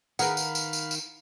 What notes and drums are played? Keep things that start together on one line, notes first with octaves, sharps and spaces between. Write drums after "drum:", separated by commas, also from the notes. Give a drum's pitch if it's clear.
D#3 G#4 A#4 B4 F5 F#5 B5, drum: tambourine
drum: tambourine
drum: tambourine
drum: tambourine
drum: tambourine